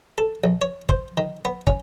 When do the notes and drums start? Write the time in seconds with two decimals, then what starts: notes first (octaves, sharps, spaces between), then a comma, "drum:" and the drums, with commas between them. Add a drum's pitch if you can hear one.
0.18 A4
0.44 A#1
0.62 C#5
0.89 C5, drum: kick
1.17 D#3
1.45 B3
1.67 C#4, drum: kick